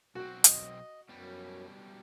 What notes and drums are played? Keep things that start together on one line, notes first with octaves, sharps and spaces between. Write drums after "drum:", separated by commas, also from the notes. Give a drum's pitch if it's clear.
B1 C4 F#4
D#5, drum: hi-hat
F#2 B2 G3